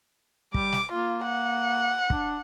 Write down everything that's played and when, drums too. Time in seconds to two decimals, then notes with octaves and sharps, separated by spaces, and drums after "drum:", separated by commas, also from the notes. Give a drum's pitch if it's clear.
0.54 G3 D6, drum: kick
0.72 drum: snare
0.92 A#3 F4
1.24 F#5
2.10 D4, drum: kick